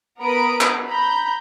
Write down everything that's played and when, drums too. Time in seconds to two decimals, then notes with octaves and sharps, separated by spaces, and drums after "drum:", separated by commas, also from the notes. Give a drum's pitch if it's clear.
0.22 B3 A#4 B4 B5 D#6 D7
0.61 drum: clap
0.87 A#5 B5 G6